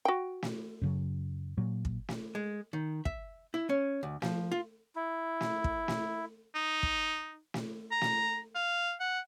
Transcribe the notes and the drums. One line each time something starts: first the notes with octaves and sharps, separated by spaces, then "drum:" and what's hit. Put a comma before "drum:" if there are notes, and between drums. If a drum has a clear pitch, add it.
F#4 G5
drum: snare
F#2 C#3 F#3
A#2 F#3
drum: kick
drum: snare
G#3
D#3
E5, drum: kick
E4
C#4
D2
F3, drum: snare
F4
E4
drum: snare
drum: kick
drum: snare
D#4
drum: kick
drum: snare
A#5
drum: snare
F5
F#5